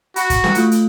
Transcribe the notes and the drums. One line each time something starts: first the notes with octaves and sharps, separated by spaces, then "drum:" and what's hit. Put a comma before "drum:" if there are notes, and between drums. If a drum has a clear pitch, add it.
F#4 B5, drum: hi-hat
drum: kick F#1, hi-hat
drum: snare
A3 F4 F#6, drum: hi-hat
drum: hi-hat